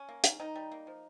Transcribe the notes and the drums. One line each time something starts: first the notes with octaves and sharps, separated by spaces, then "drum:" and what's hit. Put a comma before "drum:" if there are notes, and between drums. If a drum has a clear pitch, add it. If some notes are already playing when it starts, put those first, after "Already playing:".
Already playing: C#4
A#3
D#3, drum: hi-hat
D#3 D#4
G3
A#3
F3